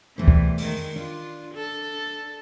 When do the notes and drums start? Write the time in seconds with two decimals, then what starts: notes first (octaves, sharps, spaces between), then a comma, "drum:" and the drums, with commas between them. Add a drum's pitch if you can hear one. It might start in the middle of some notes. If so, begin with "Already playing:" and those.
0.18 E2 E3 G3 A3 C5
0.28 drum: kick D2
0.58 D#3 G#3, drum: open hi-hat
0.96 D4 F4
1.54 A4